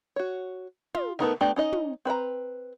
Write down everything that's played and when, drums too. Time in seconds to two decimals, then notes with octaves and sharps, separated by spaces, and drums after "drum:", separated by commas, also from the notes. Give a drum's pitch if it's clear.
0.16 F#4 C#5
0.95 F4, drum: tom
1.19 A3 B3 D#4 A#4, drum: snare
1.41 A3 B3 D4 G4
1.56 C#4 D#4 D#5
1.72 drum: tom
2.05 C4 B4 D5 A#5